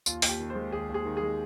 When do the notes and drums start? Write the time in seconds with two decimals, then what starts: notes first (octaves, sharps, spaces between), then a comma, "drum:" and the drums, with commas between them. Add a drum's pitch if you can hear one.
0.06 D#2 F4, drum: tambourine
0.22 D#2, drum: open hi-hat
0.28 G4
0.39 D#3
0.50 C5
0.55 G#3
0.72 D#2 G#4
0.89 D#2
0.94 G#4
1.05 D#3
1.17 G#4
1.22 G#3